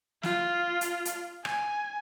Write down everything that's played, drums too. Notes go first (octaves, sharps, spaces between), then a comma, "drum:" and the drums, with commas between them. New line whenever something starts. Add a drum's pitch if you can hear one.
F4, drum: snare
drum: hi-hat
drum: hi-hat
G#5, drum: rim click